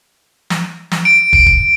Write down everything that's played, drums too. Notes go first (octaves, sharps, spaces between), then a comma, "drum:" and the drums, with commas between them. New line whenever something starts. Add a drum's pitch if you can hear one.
drum: snare
drum: snare
D7
drum: kick
drum: kick